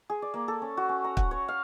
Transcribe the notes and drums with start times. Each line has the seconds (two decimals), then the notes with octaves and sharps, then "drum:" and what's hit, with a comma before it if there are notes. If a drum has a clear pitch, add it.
0.10 G#4
0.22 D5
0.34 A#3
0.48 A4
0.62 C#4
0.77 F#4
0.89 C#4
1.04 A#5
1.17 F#5, drum: kick
1.31 C#5
1.48 F5